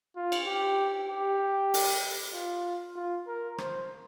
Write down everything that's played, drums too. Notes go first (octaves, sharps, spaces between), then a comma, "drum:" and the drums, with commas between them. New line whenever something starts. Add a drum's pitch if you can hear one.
F4
drum: cymbal
G4
G4
drum: open hi-hat
F4
F4
A#4
C5, drum: rim click